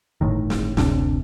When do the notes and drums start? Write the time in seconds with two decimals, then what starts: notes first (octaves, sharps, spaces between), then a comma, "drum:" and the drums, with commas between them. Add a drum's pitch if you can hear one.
0.21 G1 A2 D#3
0.50 drum: snare
0.77 F#1 D2 C3 D4, drum: snare